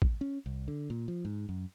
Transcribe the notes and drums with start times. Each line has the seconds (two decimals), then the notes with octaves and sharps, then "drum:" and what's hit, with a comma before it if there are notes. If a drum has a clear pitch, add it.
0.02 drum: kick A1
0.21 C#4
0.46 C2
0.68 D3
0.90 A#2
1.08 F3
1.25 G#2
1.49 F#2